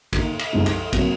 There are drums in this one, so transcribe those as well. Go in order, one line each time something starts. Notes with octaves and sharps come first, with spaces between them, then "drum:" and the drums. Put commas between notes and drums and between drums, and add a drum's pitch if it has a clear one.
D#3 A#3 D#4, drum: kick, cymbal
drum: cymbal
C2 C3 F3 G#3 D#4
drum: cymbal
C3 F#3 A#3, drum: kick, cymbal